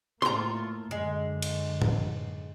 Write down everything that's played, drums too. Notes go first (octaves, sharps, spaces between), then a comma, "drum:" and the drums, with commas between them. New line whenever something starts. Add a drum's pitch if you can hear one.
A2 A3 A#3 F4 A#5 C6
F#2 D3 G#3
drum: cymbal
drum: tom A2